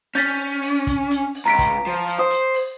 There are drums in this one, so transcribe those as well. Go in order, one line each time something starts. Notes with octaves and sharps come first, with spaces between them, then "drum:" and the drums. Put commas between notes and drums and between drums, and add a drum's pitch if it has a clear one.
C#4 G6 A6 B6, drum: hi-hat
drum: open hi-hat
drum: kick, hi-hat
drum: hi-hat
drum: open hi-hat
C#2 A#5 B6 D7
drum: kick, hi-hat
F3
drum: hi-hat
C5 D#6
drum: hi-hat
drum: open hi-hat